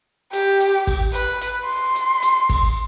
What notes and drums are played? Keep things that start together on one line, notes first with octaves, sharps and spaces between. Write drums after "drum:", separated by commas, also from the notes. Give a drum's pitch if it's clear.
G4, drum: hi-hat
drum: hi-hat
drum: kick, open hi-hat
B4, drum: hi-hat
drum: hi-hat
C6
drum: hi-hat
drum: hi-hat
drum: kick, open hi-hat